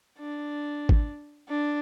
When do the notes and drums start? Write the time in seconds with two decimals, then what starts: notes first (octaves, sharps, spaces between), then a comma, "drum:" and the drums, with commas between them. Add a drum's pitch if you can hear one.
0.19 D4
0.89 drum: kick G#1
1.49 D4